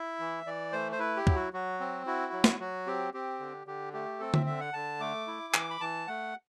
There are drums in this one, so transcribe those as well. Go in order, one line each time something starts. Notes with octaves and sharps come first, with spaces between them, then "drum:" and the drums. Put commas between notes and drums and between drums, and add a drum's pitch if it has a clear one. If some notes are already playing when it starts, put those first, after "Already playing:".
Already playing: E4 E5
E3
E3 D5
A3 C5
C5
E4 B4
G4
F#3, drum: kick
F#4
F#3 F#4
C4
E4 F#4
F#3
drum: snare
F#3 F#4
C4 G4
C4 G4
D3
D3 G4
A3 G4
C4 A4
E5, drum: tom D3
D3 E5
F#5
D3 A5
A3 D6
E4
E3, drum: clap
B5
E3 A5
A3 F#5